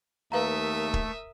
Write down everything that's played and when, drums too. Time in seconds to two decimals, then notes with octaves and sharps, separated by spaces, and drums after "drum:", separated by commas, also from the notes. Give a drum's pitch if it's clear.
0.32 D#2 A3 A#4 B4 E5 F5 A#5 D#6
0.94 drum: kick